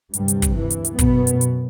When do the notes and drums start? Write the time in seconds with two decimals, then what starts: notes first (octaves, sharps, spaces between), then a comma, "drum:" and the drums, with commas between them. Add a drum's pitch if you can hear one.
0.14 D2 G2 C3 G3, drum: hi-hat
0.28 drum: hi-hat
0.42 drum: kick, hi-hat
0.56 E3
0.70 drum: hi-hat
0.85 drum: hi-hat
0.99 F#2 B2 B3, drum: kick, hi-hat
1.27 drum: hi-hat
1.41 drum: hi-hat